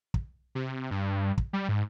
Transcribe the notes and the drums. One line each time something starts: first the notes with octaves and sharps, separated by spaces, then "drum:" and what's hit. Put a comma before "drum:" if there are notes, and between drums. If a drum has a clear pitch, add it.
drum: kick
C3
G2
drum: kick
G3
G#2